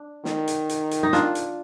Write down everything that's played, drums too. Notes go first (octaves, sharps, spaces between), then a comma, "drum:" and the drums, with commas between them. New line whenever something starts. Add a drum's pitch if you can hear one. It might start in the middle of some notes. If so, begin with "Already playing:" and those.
Already playing: D4
D#3, drum: snare
drum: hi-hat
drum: hi-hat
drum: hi-hat
D#4
D4 F4, drum: snare
drum: hi-hat